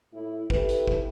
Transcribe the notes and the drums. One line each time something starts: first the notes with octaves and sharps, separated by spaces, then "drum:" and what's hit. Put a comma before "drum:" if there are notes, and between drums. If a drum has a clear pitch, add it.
A2 E4
E4 G4 A4 B4, drum: kick
drum: hi-hat
drum: kick